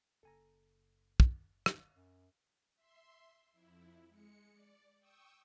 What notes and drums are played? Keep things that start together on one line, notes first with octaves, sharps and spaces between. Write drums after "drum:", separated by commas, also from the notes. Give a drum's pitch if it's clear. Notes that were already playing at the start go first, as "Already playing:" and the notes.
F#1 A4 G#5 A#5
drum: kick
drum: rim click
F#2
E5 C6
F2 E4
G#3 C#7
D5
G5 C#6 D#6 E6